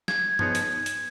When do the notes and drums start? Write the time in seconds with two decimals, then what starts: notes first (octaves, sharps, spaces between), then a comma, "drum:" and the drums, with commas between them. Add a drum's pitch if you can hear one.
0.08 G#6, drum: snare
0.39 F3 B3 D#4 G#4 C#5, drum: tom G2
0.55 drum: hi-hat
0.86 drum: hi-hat